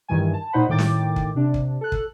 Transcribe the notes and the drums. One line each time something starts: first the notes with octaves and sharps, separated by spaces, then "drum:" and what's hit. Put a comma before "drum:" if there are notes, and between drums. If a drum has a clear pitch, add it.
G2 D#3 E3 G#5
A5
A#2 D#4 C5 F#5 B5
A2 D#3 G5 D6 A6
drum: snare
drum: kick
C3 D4
drum: kick
A4 F#6
drum: kick